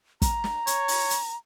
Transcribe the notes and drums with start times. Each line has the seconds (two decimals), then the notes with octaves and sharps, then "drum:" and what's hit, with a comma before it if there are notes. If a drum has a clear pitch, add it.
0.22 A#5, drum: kick, hi-hat
0.44 drum: snare
0.67 C#5, drum: hi-hat
0.88 drum: open hi-hat
1.10 drum: hi-hat